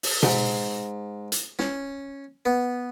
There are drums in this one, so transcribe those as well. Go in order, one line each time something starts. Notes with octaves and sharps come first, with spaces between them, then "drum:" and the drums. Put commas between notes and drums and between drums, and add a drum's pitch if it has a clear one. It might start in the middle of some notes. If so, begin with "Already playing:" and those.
drum: open hi-hat
G#2, drum: tom B2
drum: hi-hat
C#4, drum: snare
B3